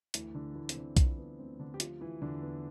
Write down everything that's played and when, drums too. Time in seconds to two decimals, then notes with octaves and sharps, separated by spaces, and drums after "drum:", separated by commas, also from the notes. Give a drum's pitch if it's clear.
0.14 D2 E3 E4, drum: hi-hat
0.34 D3 D4
0.55 D2 E3 E4
0.69 C4, drum: hi-hat
0.76 D3 D4
0.97 F3 C4, drum: kick B1, hi-hat
1.18 B3
1.39 D2 C4
1.59 D3 D4
1.74 G4
1.80 F3 F4, drum: hi-hat
2.01 E3 E4
2.22 E2 D3 D4
2.43 B3